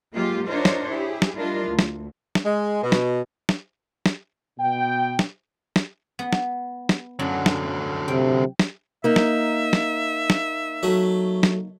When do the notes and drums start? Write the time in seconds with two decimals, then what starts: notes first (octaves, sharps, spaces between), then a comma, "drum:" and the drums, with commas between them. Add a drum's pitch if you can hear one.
0.14 F#3 G#3 A#3 F4 G4
0.48 D4 D#4 F4 A#4 C5 C#5
0.65 drum: snare
0.90 E4 G4 G#4
1.22 drum: snare
1.36 G3 D4 E4 F4 A#4 D#5
1.67 D2
1.79 drum: snare
2.35 drum: snare
2.44 G#3
2.83 B2
2.92 drum: snare
3.49 drum: snare
4.06 drum: snare
4.59 B2 G5
5.19 drum: snare
5.76 drum: snare
6.19 B3
6.33 drum: snare
6.89 drum: snare
7.19 F#2 D3 F#3
7.46 drum: snare
8.08 C3 G5
8.59 drum: snare
9.04 A#3 D#4 E5
9.16 drum: snare
9.73 drum: snare
10.30 drum: snare
10.83 F#3 A3
11.43 drum: snare